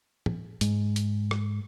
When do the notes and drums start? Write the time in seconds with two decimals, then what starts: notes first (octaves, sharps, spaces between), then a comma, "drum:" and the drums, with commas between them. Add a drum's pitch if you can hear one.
0.26 drum: tom
0.61 G#2, drum: hi-hat
0.96 drum: hi-hat
1.31 drum: rim click